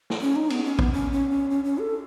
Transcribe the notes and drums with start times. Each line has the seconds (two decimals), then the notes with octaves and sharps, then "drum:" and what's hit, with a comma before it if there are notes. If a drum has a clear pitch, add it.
0.10 drum: snare
0.21 C#4
0.36 D#4
0.50 B3, drum: cymbal
0.65 C#4
0.79 B3, drum: kick
0.93 C#4
1.12 C#4
1.31 C#4
1.50 C#4
1.65 C#4
1.79 A4